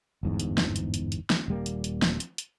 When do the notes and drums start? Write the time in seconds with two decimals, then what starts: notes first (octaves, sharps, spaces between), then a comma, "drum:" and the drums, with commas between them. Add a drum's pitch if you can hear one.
0.23 G1 E2 G#2
0.40 drum: hi-hat
0.58 drum: snare
0.76 drum: hi-hat
0.94 drum: hi-hat
1.12 drum: hi-hat
1.30 drum: snare
1.48 D#1 G3 A#3
1.66 drum: hi-hat
1.84 drum: hi-hat
2.02 drum: snare
2.20 drum: hi-hat
2.38 drum: hi-hat